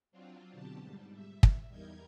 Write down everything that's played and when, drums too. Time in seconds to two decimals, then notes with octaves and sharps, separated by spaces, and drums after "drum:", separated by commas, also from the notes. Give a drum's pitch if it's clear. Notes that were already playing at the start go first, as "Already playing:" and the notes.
0.12 F#3 C4 D4 F4
0.52 B2 D3 G4 A5
0.82 G#2 G3
1.13 E5
1.43 drum: kick
1.68 E2 G3 D#4 A#4 G6 G#6